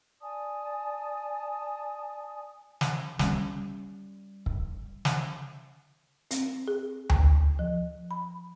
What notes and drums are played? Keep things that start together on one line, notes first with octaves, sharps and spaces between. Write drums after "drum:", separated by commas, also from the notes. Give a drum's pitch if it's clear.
D5 G#5 A5 D#6
drum: snare
G3 C#4, drum: snare
drum: kick
drum: snare
C4, drum: hi-hat
G#4
drum: tom D2
F3
B5